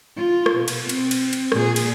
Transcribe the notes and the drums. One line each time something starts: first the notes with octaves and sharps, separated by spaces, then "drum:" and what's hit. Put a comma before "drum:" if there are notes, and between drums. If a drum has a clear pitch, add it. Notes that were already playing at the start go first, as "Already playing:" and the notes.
F4
drum: rim click
B2
drum: cymbal
C4, drum: cymbal
drum: cymbal
drum: cymbal
A#2 G#4, drum: rim click
drum: cymbal